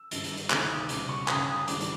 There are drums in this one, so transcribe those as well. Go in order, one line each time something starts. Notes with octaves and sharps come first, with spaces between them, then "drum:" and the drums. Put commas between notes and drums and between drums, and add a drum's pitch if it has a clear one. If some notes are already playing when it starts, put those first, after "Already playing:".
Already playing: E6
G#1 G2 D3 G3, drum: hi-hat
drum: hi-hat
drum: hi-hat
D2 C3 D#3, drum: clap
D#6
C#2 B2 G3 D6, drum: hi-hat
C#6
G1 F#2 C#3 D#6, drum: clap
D#6
G#1 G2 E3 G3 D6, drum: hi-hat
drum: hi-hat